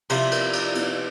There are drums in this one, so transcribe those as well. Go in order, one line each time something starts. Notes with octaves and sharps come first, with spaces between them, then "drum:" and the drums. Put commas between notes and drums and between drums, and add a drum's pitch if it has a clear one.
C3 F3 E4, drum: cymbal
drum: cymbal
drum: cymbal
drum: cymbal